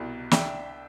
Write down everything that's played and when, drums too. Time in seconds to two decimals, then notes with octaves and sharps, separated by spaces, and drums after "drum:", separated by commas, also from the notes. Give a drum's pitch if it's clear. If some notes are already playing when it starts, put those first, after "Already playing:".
Already playing: C2 B2
0.31 D4 E5 G5, drum: snare